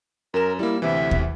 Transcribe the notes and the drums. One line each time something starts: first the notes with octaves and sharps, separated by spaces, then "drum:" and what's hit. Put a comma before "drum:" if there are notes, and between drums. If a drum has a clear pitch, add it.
F#2 A#4 E7
G3 A#3 E4
D2 C3 E3 E5
drum: kick D#2